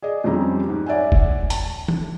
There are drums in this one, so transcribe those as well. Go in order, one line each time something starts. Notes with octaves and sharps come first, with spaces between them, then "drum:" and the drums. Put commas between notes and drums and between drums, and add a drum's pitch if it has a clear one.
G#4 D5 D#5
F2 G3 C4 C#4 A#5
G#2
C#5 D5 E5 F#5 G#5
drum: kick
A5, drum: hi-hat
drum: tom E3